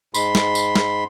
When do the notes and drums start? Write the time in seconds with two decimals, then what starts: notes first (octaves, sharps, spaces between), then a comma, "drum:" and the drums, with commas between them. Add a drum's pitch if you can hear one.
0.14 G#2 B5 C6, drum: tambourine
0.35 drum: snare
0.55 drum: tambourine
0.76 drum: snare